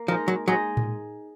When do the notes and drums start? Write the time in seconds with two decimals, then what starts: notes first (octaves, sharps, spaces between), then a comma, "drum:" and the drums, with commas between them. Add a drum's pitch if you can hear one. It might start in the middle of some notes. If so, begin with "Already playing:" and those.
Already playing: A#3
0.08 F3 G#3 D#4 A#4
0.28 F#3
0.47 F#3 G#3 D#4 G#4 D#5
0.77 drum: tom A2